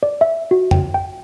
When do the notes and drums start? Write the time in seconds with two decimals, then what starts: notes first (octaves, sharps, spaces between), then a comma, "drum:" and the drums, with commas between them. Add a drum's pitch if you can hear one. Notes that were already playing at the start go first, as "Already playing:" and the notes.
0.03 D5
0.21 E5
0.51 F#4
0.71 G5, drum: tom F2
0.94 G5